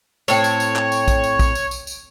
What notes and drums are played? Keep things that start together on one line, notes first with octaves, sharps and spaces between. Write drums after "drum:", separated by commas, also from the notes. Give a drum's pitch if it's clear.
A2 C4 C#5, drum: tambourine
drum: tambourine
drum: tambourine
drum: clap
drum: tambourine
drum: kick, tambourine
drum: tambourine
drum: kick, tambourine
drum: tambourine
drum: tambourine
drum: tambourine